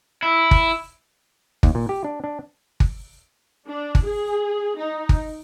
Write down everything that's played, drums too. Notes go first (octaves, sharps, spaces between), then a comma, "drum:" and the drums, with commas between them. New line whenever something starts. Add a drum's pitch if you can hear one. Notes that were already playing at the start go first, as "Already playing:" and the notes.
E4
drum: kick G1
D#2, drum: kick G1
A#2
G4
D4
D4
drum: kick G1
D4
drum: kick G1
G#4
D#4
drum: kick G1